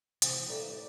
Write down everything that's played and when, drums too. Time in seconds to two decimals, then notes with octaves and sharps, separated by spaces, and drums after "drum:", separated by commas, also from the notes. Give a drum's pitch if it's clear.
0.22 C3 E3 F#5 G#5, drum: hi-hat
0.34 F#4
0.48 D#4 A4 B4 D5 E5 F5
0.70 G4 D5